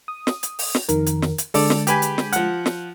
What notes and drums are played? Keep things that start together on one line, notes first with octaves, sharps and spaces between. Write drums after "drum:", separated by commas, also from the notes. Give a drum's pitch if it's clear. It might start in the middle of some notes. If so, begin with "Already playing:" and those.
D#6
drum: snare
drum: hi-hat
drum: open hi-hat
drum: snare
F2 D#3 A#4, drum: hi-hat
drum: hi-hat
drum: snare
drum: hi-hat
D3 G#3 A4 D5, drum: open hi-hat
drum: snare
G4 B4 G#5, drum: hi-hat
drum: hi-hat
drum: snare
F3 F#5, drum: hi-hat
drum: snare